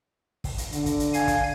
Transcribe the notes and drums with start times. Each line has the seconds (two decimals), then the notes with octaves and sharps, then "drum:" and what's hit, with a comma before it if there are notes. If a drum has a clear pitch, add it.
0.44 drum: kick, open hi-hat
0.58 drum: hi-hat
0.72 D3, drum: hi-hat
0.86 drum: kick, hi-hat
1.00 drum: hi-hat
1.14 F5 G#5 G#6, drum: hi-hat
1.27 drum: kick, hi-hat